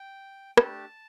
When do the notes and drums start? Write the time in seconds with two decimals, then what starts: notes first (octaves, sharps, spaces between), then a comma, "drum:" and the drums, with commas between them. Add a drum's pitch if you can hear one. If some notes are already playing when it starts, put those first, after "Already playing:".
Already playing: G5
0.57 A3 D4 G4 A5, drum: rim click